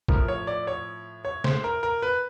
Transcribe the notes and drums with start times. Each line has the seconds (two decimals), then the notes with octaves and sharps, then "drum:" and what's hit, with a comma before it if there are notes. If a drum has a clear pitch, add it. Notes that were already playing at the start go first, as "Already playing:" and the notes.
0.08 A2 F3 A#4, drum: kick
0.28 C#5
0.47 D5
0.67 C#5
1.25 C#5
1.44 C5, drum: snare
1.64 A#4
1.83 A#4
2.02 B4